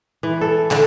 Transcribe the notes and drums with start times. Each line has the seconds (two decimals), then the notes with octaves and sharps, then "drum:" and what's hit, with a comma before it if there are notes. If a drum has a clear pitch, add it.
0.23 E3
0.41 A4
0.71 D3, drum: clap